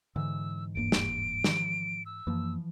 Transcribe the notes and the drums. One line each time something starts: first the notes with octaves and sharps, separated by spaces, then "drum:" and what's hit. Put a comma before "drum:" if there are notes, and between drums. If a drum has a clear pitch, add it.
G#2 D3 E3 E6
D#1 G2 A#3 D7
drum: snare
D#3 F3, drum: snare
E6
F#2 E3 F3 A#3